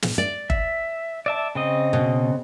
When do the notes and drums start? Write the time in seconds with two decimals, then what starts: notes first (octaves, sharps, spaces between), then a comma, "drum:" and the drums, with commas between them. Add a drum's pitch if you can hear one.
0.02 drum: snare
0.18 D5
0.50 E5, drum: kick G1
1.26 D5 E5 A5
1.55 C#3 C4 D#5
1.93 B2